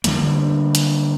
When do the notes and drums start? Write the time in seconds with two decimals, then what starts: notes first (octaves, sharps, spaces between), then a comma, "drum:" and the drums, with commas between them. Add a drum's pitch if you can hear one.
0.04 D3 D#3 G3 A#3, drum: hi-hat
0.75 drum: hi-hat